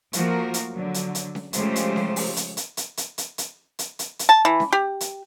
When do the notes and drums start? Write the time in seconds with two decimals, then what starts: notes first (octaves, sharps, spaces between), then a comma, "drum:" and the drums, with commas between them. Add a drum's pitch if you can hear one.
0.13 F3 A3 A#3 F#4 A#4, drum: hi-hat
0.54 drum: hi-hat
0.69 D3 F#3
0.94 drum: hi-hat
1.15 drum: hi-hat
1.35 drum: snare C#4
1.53 C#3 F3 G#3 A3 G4 C5, drum: hi-hat
1.76 drum: hi-hat
1.96 drum: snare C#4
2.16 drum: open hi-hat
2.36 drum: hi-hat
2.57 drum: hi-hat
2.77 drum: hi-hat
2.97 drum: hi-hat
3.18 drum: hi-hat
3.38 drum: hi-hat
3.79 drum: hi-hat
3.99 drum: hi-hat
4.19 drum: hi-hat
4.29 A5
4.45 E3
4.60 drum: snare C#4
4.73 G4
5.00 drum: hi-hat